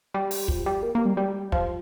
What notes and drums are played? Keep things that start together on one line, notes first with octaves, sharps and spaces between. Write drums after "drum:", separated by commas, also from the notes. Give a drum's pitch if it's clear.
G3
drum: open hi-hat
F3, drum: kick
G3
A#3
A#3
G3
G3
F3, drum: kick